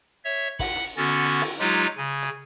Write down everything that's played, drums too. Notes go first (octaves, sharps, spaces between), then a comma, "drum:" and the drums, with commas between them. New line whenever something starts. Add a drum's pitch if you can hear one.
C#5 E5
F#5 B5, drum: kick, open hi-hat
drum: hi-hat
D3 B3 C#4 F#4 A6
drum: hi-hat
drum: hi-hat
drum: open hi-hat
F#3 G#3 D#4 F4 G4, drum: hi-hat
drum: hi-hat
C#3 G#5
drum: hi-hat